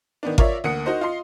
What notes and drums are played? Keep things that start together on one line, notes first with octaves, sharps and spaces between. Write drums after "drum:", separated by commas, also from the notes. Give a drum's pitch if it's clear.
D#3 B3 D4
F4 A#4 C#5 D5 E5, drum: kick G#1
D2 A#3 F#5 D#6 C#7
D#4 F#4 A#4 C5 D#5
F4 D#5 C6 C7